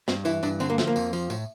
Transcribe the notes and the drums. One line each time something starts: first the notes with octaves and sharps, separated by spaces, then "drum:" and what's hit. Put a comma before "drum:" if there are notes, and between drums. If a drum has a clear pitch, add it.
G2 C4, drum: snare
E3 E4, drum: tambourine
G2 D4, drum: tambourine
D3 C4, drum: tambourine
A#3
F3 A3, drum: snare
A#3
F2, drum: tambourine
F3, drum: tambourine
A2, drum: tambourine